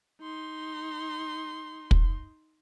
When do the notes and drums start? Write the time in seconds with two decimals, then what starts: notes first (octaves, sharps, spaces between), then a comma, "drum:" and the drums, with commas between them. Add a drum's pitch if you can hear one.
0.22 D#4 C6
1.91 drum: kick